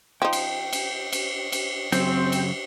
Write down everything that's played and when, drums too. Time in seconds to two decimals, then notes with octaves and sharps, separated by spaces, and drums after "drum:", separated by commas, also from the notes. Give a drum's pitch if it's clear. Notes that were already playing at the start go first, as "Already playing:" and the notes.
0.22 F3 D#4 G5
0.33 drum: cymbal
0.73 drum: cymbal
1.13 drum: cymbal
1.52 drum: cymbal
1.92 F#2 C#3 F#3 C4, drum: cymbal
2.32 drum: cymbal